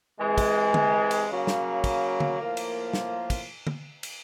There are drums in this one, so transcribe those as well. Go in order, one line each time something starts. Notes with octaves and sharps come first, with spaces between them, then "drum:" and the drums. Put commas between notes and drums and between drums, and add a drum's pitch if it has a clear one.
C3 E3 G#3
drum: kick, cymbal
drum: tom
drum: cymbal
C#3 F#3 A#3
drum: snare
drum: kick, cymbal
drum: tom
A2 F3 A#3
drum: cymbal
drum: snare
drum: kick, cymbal
drum: tom
drum: cymbal